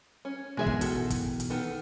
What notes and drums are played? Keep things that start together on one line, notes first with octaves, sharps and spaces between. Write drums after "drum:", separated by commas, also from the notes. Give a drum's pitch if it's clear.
C#4
B2 E3 G#3 G#4 E5
drum: kick
D#3 F#4 A4, drum: hi-hat
drum: kick, hi-hat
drum: hi-hat
D#3 B3 A4